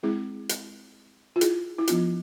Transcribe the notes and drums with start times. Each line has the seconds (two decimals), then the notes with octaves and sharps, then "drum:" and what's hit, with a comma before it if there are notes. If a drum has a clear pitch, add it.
0.03 G#3 C4 E4 G#4
0.49 drum: hi-hat
1.36 F4
1.41 E4 G#4, drum: hi-hat
1.79 E4
1.87 F3 B3 D4 F4, drum: hi-hat